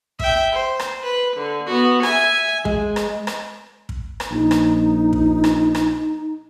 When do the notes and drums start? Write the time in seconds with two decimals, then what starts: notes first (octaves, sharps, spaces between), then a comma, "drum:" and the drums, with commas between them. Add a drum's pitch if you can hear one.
0.19 E5 G5, drum: kick
0.53 C5
0.79 drum: rim click
1.04 B4
1.37 D3
1.67 B3 F#4
2.03 E5 G#5, drum: rim click
2.65 G#3, drum: kick
2.96 drum: rim click
3.27 drum: rim click
3.89 drum: kick
4.20 drum: rim click
4.31 A#1 D#4
4.51 drum: rim click
5.13 drum: kick
5.44 drum: rim click
5.75 drum: rim click